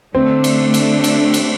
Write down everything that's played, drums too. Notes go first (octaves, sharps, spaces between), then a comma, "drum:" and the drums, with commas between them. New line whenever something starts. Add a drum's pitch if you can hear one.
D3 A3 C4 D4
drum: cymbal
drum: cymbal
drum: cymbal
drum: cymbal